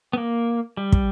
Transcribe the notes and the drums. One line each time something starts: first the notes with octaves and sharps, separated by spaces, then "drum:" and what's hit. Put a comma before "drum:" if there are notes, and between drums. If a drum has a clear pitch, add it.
B3
A#3
G3
drum: kick